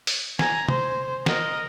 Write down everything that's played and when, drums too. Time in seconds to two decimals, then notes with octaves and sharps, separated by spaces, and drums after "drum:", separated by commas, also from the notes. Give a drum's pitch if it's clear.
0.07 drum: open hi-hat
0.39 G#5 A#5, drum: snare
0.69 C5, drum: tom
1.26 A#4 D#5, drum: snare